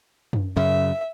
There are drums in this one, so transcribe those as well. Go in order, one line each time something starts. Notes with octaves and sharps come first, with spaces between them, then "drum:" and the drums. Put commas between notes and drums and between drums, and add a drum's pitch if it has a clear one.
drum: tom F#2
F#2 C#3 E5